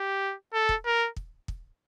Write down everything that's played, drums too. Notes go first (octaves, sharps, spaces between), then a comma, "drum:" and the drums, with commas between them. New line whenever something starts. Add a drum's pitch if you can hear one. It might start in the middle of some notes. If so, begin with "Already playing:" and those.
Already playing: G4
A4
drum: kick
A#4
drum: kick
drum: kick